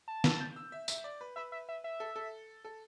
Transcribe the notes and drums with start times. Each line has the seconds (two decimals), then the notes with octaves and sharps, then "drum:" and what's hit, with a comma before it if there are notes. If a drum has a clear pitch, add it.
0.08 A5
0.24 E6, drum: snare
0.40 G6
0.56 E6
0.72 E5
0.88 E5, drum: tambourine
1.04 D5
1.21 B4
1.36 B4 E5
1.52 E5
1.69 E5
1.84 E5
2.00 A4
2.16 A4
2.65 A4